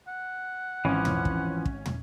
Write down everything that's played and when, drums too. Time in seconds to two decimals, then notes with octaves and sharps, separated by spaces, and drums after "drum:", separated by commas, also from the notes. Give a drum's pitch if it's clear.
0.08 F#5
0.85 G#1 E3 F3 C#4
1.05 drum: tom
1.25 drum: kick
1.65 drum: kick
1.86 drum: tom